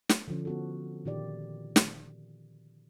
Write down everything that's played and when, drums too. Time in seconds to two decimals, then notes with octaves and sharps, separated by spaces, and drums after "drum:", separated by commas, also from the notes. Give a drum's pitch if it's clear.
0.09 drum: snare
0.28 D3 F3 C#4
0.45 B3 F#4 A4
1.05 A#2 D#3 G4 D5
1.76 drum: snare